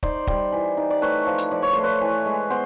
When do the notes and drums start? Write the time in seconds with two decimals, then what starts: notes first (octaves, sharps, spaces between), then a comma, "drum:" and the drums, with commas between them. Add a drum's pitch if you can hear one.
0.03 D#4 C5 D5, drum: kick
0.27 G3, drum: kick
0.52 E3
0.77 D#4
0.90 D5
1.02 A3 B4 C#5
1.27 F3
1.38 drum: hi-hat
1.51 F3 D5
1.62 C#5
1.73 A3 C5
1.83 B4 C#5
2.01 E3
2.25 G#3
2.50 B3 C5